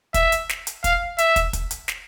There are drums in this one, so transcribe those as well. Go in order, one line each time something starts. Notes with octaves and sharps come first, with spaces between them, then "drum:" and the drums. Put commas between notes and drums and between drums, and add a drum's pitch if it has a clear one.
E5, drum: kick, hi-hat
drum: hi-hat
drum: snare
drum: hi-hat
F5, drum: kick, hi-hat
E5, drum: hi-hat
drum: kick, hi-hat
drum: kick, hi-hat
drum: hi-hat
drum: snare